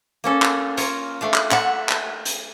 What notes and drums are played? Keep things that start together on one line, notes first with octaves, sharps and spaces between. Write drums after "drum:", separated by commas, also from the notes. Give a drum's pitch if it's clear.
A#3 C#4 A4
drum: clap
F4 A#4 C#5, drum: hi-hat
A3 D4 F5
drum: clap
E5 F#5, drum: clap
drum: clap
drum: hi-hat